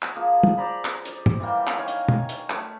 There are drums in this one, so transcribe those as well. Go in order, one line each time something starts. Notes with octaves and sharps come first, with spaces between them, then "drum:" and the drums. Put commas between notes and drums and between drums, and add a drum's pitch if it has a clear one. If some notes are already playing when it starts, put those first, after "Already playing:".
drum: clap
F3 A#3 G#4
drum: tom
C5 D5 A#5 B5
drum: clap
drum: hi-hat
drum: tom
E3 G3 A#3 G5
drum: clap
D#3 C#5 F5 G#5
drum: hi-hat
drum: tom
drum: hi-hat
A3 B5, drum: clap